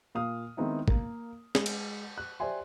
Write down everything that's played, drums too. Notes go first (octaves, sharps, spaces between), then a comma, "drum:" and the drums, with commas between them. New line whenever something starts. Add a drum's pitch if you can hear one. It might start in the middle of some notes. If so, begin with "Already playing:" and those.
A#2 F5 D#6 F6
D#3 G#3 B3 C4 D#4 E4
A#3 A#4, drum: kick
G#3, drum: snare
drum: cymbal
F#6
G4 C5 D5 E5 G#5 C6